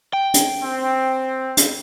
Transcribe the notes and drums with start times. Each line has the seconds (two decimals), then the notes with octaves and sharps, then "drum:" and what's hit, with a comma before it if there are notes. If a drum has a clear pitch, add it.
0.13 G5
0.34 drum: hi-hat
0.62 C4
1.57 drum: hi-hat